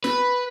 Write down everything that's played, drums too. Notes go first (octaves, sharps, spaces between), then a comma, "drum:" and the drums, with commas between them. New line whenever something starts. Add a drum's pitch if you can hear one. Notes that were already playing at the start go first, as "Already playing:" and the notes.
B4, drum: snare